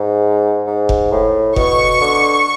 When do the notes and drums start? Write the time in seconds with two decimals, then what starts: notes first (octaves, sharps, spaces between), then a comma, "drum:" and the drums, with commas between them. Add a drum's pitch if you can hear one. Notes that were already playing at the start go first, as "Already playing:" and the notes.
Already playing: G#2
0.67 G#2
0.89 drum: kick F1
1.12 A2
1.56 B2 C#6, drum: kick F1
2.01 D3